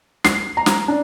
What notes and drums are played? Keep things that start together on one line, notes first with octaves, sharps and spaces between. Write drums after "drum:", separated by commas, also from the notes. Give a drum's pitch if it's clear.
C7, drum: snare
A#5
drum: snare
D4